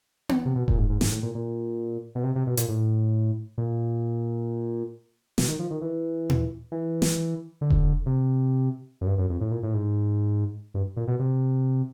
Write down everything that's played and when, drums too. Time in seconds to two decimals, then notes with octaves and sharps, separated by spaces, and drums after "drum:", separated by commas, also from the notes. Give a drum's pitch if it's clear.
0.29 drum: tom B3
0.45 C3
0.55 B2
0.68 A#2, drum: kick E1
0.78 G#2
0.90 G#2
1.01 G#2, drum: snare
1.12 A2
1.23 A#2
1.35 A#2
2.15 B2
2.24 C3
2.36 C3
2.47 B2
2.57 A#2, drum: hi-hat
2.68 A2
3.58 A#2
5.38 B2, drum: snare
5.48 D#3
5.59 F3
5.71 D#3
5.82 E3
6.30 drum: tom A#2
6.72 E3
7.02 drum: snare
7.61 D3
7.70 drum: kick E1
8.06 C3
9.01 F#2
9.07 G2
9.18 F#2
9.30 F2
9.41 A2
9.51 A#2
9.63 A2
9.74 G#2
10.74 G2
10.97 A#2
11.08 B2
11.19 C3